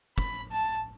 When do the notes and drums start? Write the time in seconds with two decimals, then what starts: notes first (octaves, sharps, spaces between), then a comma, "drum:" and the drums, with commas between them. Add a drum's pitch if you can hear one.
0.18 B5, drum: kick
0.51 A5